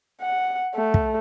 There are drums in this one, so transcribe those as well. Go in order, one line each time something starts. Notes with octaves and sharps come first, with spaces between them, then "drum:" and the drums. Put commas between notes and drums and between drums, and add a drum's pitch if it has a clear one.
F#5
A3
drum: kick